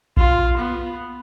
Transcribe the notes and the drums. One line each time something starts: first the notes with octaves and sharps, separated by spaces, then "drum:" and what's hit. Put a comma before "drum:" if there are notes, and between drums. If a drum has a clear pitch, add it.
F4, drum: kick A#1
B3